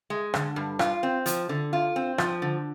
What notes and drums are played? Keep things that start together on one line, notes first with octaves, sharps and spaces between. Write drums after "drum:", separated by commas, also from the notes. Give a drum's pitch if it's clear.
G#3
D3, drum: rim click
G2
F4, drum: rim click
C4
F3, drum: hi-hat
D3
F4
C4
F3, drum: rim click
D3